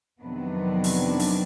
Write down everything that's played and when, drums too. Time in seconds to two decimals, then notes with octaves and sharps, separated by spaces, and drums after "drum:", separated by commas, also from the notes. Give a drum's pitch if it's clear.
0.20 F2 C3 D#3 F#3 B3 D4
0.84 drum: open hi-hat
1.20 drum: open hi-hat